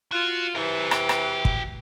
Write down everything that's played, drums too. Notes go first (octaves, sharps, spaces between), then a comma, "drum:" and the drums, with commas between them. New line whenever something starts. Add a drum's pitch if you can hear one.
F4 F#4
C3 E3 A#4 E5
F#4 G5, drum: rim click
drum: rim click
drum: kick